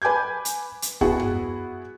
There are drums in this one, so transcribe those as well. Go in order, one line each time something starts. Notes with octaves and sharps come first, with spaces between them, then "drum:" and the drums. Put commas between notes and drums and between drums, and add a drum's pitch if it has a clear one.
B4 G#5 D6 G6 G#6
drum: hi-hat
drum: hi-hat
B3 E4 F#4 G#4 F#5, drum: kick D2
drum: tom F#2